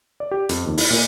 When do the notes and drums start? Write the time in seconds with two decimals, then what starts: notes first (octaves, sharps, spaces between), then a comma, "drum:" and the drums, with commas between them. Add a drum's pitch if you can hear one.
0.20 D5
0.31 G4
0.49 F2, drum: hi-hat
0.66 D#2
0.78 E4, drum: open hi-hat
0.91 A#2